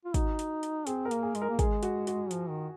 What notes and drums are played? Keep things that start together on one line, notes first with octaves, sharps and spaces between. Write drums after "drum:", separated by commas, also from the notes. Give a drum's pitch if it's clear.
F4
D#4 F#4, drum: kick, hi-hat
drum: hi-hat
drum: hi-hat
C4 G#4, drum: hi-hat
A#4
A#3, drum: hi-hat
G#4
G#3, drum: hi-hat
A#4
A#3
G#3 G#4, drum: kick, hi-hat
F#4, drum: hi-hat
F#4, drum: hi-hat
F3, drum: hi-hat
D#3